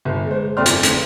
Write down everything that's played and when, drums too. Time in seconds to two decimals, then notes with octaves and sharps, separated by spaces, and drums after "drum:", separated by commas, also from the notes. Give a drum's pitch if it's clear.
0.05 G1
0.26 G#3 C5
0.57 G1 F2 C4 D5 C6 F6
0.66 drum: hi-hat
0.83 A1, drum: hi-hat